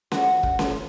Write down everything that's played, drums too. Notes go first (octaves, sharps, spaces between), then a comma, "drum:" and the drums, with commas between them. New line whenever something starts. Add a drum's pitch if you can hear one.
F#4, drum: snare C#4
drum: kick
drum: snare C#4